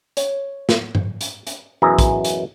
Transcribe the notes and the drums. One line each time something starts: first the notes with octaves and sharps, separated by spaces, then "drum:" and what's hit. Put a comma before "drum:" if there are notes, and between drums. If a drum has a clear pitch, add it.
C#5, drum: hi-hat
drum: snare
drum: tom G2
drum: hi-hat
drum: hi-hat
F#2 B2 E3 G#4 E5 A#5
drum: kick, hi-hat
drum: hi-hat